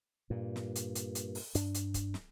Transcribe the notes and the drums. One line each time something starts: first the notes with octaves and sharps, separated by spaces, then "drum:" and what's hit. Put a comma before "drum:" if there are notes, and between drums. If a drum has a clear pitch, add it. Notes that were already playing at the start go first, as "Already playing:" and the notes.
G2 A#2
drum: snare
drum: hi-hat
drum: hi-hat
drum: hi-hat
drum: open hi-hat
G2 D4, drum: hi-hat
drum: hi-hat
drum: kick, hi-hat
drum: snare